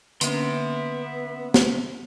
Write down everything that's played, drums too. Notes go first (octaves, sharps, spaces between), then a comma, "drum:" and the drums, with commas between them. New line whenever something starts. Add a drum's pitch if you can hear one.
D3 A#3 B3 C#4 E5 C6, drum: hi-hat
drum: snare